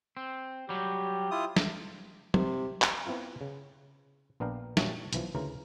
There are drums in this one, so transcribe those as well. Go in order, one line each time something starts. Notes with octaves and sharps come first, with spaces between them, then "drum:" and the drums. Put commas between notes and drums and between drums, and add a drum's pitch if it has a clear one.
C4
F#3 G3 G4
E4 F4 D#6
drum: snare
C3, drum: tom
drum: clap
B3 C4 E4 F4 A#4
C#3
A#1 B3 D4 A#4 F5 G5
A#2 C#4 F#4 G4, drum: snare
B1 E3 F3, drum: hi-hat
D2 C#3 E3 A#4